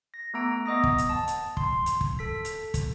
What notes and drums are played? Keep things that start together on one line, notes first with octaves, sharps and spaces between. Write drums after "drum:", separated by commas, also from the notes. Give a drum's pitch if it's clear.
A#6
A3 B3 A#5 D7
B3 D#5 D#6 A#6
drum: kick
drum: hi-hat
A5
drum: hi-hat
C6, drum: kick
drum: hi-hat
drum: kick
A4 B6
drum: hi-hat
drum: kick, hi-hat